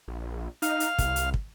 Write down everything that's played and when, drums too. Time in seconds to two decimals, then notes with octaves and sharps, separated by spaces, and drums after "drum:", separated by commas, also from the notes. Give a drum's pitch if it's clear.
0.08 A#1
0.62 D#4 F5, drum: hi-hat
0.80 drum: hi-hat
0.98 C2, drum: kick, hi-hat
1.16 drum: hi-hat
1.34 drum: kick